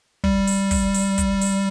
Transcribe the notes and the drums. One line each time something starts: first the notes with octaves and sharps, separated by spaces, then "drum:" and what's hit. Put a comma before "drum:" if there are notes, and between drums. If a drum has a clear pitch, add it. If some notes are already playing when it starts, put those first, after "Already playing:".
G3, drum: kick
drum: open hi-hat
drum: kick, open hi-hat
drum: open hi-hat
drum: kick, hi-hat
drum: open hi-hat